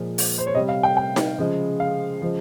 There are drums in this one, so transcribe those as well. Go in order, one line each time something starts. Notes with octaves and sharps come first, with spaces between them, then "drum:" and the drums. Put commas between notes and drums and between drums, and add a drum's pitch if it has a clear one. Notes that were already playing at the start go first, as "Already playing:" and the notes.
Already playing: A#2 F3 G#3
drum: open hi-hat
C5
C#5
C3 G3 D#5
F5
G5
G5
drum: snare D#4
C#3 F3 G#3
F5
C#3 F3 G#3